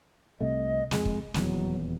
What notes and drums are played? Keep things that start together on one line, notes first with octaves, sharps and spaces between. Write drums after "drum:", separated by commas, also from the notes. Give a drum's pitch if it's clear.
C2 C3 A3 D#5
F2 G#3, drum: snare
drum: kick
D#1 E2 F#3, drum: snare